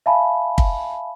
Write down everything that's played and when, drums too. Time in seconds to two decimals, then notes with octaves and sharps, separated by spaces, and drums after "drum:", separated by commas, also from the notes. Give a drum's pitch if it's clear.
0.06 E5 F5 G#5 A5 B5
0.58 drum: kick